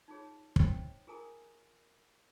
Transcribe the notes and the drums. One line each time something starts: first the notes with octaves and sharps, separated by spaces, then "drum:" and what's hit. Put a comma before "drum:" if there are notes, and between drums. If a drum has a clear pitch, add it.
D#4 F4 G#4 C#5
C5 C#5 D#5 G5, drum: kick
F4 G#4 A#4 G#5 A#5 D#6